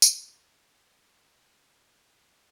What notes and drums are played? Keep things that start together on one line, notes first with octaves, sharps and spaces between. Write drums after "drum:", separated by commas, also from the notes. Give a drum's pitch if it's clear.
drum: tambourine
G#5 E6 G6
G#4
B1 A#3